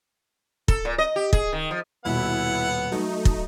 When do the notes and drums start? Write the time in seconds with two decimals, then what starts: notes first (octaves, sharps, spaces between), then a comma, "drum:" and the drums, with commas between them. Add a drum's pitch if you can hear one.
0.68 A4, drum: kick
0.85 A#2
0.98 D#5
1.16 G4
1.33 G#4, drum: kick
1.53 D#3
1.71 F3
2.05 D#1 B2 B3 E4 F#5
2.92 F#3 A3 D#4
3.25 drum: kick